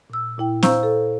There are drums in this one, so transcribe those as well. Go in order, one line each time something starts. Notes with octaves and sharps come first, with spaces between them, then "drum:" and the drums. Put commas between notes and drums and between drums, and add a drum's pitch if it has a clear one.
A#2 E6
A#2 E4 G5
C5 F5 A#5 C#6 E6 G6, drum: snare
A4